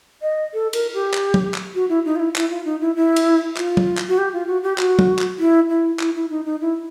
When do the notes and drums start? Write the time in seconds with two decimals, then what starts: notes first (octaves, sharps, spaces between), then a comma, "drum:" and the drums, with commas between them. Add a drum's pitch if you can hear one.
0.22 D#5
0.54 A4
0.73 A#4, drum: cymbal
0.94 G4
1.14 drum: clap
1.34 drum: tom
1.54 drum: clap
1.75 F#4
1.89 E4
2.05 D#4
2.16 F4
2.20 E4
2.36 E4, drum: clap
2.50 F4
2.65 D#4
2.81 E4
2.96 E4
3.16 drum: cymbal
3.56 F4, drum: clap
3.77 drum: tom
3.97 drum: clap
4.08 F#4
4.18 G4
4.33 F4
4.47 F#4
4.63 G4
4.78 F#4, drum: clap
4.99 drum: tom
5.19 drum: clap
5.39 E4
5.70 E4
6.00 E4, drum: clap
6.15 E4
6.30 D#4
6.45 D#4
6.61 E4